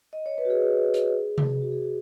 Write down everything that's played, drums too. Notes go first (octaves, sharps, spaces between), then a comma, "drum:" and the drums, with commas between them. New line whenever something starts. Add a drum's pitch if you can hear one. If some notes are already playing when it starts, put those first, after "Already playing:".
D#5
C#5
B4
F#4
G#4
drum: hi-hat
drum: tom C3
F#4
G#4
F#4